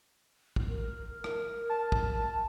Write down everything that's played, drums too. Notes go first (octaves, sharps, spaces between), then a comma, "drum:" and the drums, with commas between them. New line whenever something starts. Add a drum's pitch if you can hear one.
drum: kick
A#4
drum: rim click
A5
drum: kick